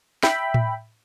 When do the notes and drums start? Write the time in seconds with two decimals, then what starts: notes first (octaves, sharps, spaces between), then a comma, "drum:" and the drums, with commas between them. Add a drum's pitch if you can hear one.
0.23 E5 G5 B5, drum: snare
0.54 drum: tom A2